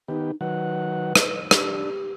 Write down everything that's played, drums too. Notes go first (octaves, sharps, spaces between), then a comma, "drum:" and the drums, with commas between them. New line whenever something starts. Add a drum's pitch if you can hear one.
D#3 B3 D#4 G4
D#3 F#3 B4 F#5
drum: rim click
D4 G4, drum: rim click